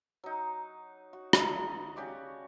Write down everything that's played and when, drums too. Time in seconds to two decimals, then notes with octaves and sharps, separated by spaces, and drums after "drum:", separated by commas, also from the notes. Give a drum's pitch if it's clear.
0.24 F#3 D#4
1.13 F#4
1.33 D#4 D#5 A5 A#5, drum: rim click
1.96 C#3 F#4 G4 D5